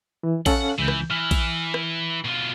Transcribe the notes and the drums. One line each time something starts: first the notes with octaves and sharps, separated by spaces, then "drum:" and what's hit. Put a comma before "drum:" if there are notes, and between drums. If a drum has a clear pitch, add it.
E3
C#4 A4 F5 F#5, drum: kick A#1, cymbal
C#2 E3 G6
drum: rim click
E3 F6
drum: kick A#1, cymbal
drum: rim click
B2 F4